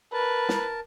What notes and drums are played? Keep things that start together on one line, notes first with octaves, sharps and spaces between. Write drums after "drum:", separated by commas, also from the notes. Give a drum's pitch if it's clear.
A#4 B4 A5
drum: snare